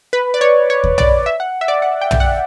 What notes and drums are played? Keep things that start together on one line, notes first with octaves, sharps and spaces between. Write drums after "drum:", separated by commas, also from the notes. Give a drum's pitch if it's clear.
B4
D5
C#5
C#5
drum: kick D#2
D5, drum: tom
E5
F#5
E5
D5
F#5
G5
drum: tom
F#5